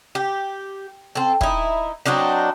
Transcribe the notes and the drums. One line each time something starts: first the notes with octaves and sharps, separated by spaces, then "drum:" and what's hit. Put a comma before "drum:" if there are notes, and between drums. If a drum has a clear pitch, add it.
G4
C4 A4
D#4 E4, drum: kick
F#3 C4 D4 D#4